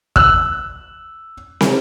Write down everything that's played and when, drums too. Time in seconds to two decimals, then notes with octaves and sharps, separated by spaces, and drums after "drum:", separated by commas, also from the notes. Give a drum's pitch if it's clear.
0.16 E6 F#6, drum: kick
1.61 drum: snare